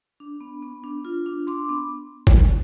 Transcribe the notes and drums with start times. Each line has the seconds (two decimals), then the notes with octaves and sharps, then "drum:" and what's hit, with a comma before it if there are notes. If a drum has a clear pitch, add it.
0.20 D4
0.41 B3
0.63 B3
0.84 D4
1.05 F4
1.26 D4
1.47 D4 C6 D6
1.69 B3
2.27 drum: kick G1